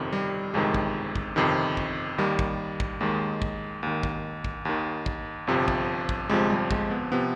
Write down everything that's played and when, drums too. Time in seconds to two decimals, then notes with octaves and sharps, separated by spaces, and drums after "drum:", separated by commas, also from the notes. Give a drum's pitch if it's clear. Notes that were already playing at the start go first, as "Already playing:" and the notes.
Already playing: G1 F2 C3 D#3
0.13 G3
0.54 G1 F2 C3 D#3 G#3
0.74 drum: kick
1.16 drum: kick
1.36 G1 F2 C3 D#3
1.77 drum: kick
2.18 D#2 D#3 G3
2.39 drum: kick
2.80 drum: kick
3.01 D#2 D#3 G#3
3.42 drum: kick
3.83 D#2 D#3
4.03 drum: kick
4.44 drum: kick
4.65 D#2 D#3
5.06 drum: kick
5.47 G1 F2 C3 F3
5.68 drum: kick
6.09 drum: kick
6.29 G1 F2 C3 F3 G#3
6.50 G3
6.71 G#3, drum: kick
6.91 B3
7.12 C3 F3 B3